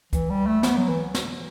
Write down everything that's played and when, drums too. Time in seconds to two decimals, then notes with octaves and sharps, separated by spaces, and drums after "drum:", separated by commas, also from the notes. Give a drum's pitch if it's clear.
0.13 E3, drum: kick C#2, hi-hat
0.30 G3
0.46 A3
0.63 B3, drum: snare
0.77 F#3
0.89 E3
1.15 drum: snare